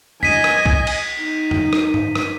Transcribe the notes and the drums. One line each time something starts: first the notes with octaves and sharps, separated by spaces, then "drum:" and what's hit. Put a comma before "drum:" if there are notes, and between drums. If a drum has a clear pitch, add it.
D#5 G#5 B6 D#7, drum: tom
drum: rim click
drum: kick B1
drum: cymbal
D#4
drum: tom
drum: rim click
drum: tom G2
drum: rim click